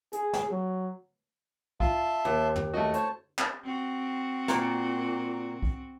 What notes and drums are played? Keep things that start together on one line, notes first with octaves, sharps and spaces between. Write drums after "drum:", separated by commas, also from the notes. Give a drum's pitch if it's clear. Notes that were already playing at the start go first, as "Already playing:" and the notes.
G#4, drum: hi-hat
drum: snare
F#3
F4 E5 A5 C6, drum: kick
D#2
drum: tom
A3 F#4 D#5
C5 C#5 A5, drum: hi-hat
drum: clap
C4 F#4
A#2, drum: snare
drum: kick